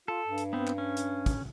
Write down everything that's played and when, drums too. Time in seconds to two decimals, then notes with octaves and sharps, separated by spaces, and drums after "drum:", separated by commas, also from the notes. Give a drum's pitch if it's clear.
0.08 F4 A4
0.28 G2
0.38 drum: hi-hat
0.53 B3 C4
0.67 drum: clap
0.78 C#4
0.97 drum: hi-hat
1.26 drum: kick, hi-hat